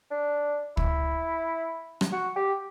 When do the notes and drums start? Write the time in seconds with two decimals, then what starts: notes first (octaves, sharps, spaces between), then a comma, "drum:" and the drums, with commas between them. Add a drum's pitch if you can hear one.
0.11 D4
0.77 E4, drum: kick
2.01 drum: rim click
2.12 F#4
2.36 G4